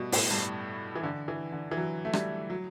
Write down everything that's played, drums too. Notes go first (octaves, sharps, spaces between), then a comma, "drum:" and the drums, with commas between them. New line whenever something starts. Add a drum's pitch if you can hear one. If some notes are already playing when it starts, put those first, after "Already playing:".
Already playing: B2 G3 A3
A2, drum: open hi-hat
G2
E3
D3
E3
D3
E3
F#3
A3
G3, drum: rim click
F#3